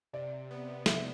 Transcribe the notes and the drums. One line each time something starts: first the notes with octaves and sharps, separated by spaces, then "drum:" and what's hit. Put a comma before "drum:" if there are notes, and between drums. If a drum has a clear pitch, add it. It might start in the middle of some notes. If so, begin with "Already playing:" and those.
C3 D5
B3
C3 E5, drum: snare